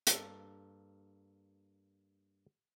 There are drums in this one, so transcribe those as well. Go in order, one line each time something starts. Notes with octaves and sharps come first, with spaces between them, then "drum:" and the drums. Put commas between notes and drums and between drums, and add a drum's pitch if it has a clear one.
G2 A#3 A4, drum: hi-hat